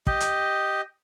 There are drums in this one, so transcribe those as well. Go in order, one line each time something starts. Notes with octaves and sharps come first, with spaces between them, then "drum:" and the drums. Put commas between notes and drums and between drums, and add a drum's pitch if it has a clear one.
G4 D#5, drum: kick
drum: hi-hat